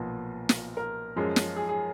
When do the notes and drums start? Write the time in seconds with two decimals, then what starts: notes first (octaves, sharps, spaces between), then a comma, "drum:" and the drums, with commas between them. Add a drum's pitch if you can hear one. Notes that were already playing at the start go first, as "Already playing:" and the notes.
Already playing: B1 A#2 F3 B3
0.49 drum: snare
0.77 A#4
1.16 F#2 F3 G#3
1.36 drum: snare
1.56 G#4
1.69 G#4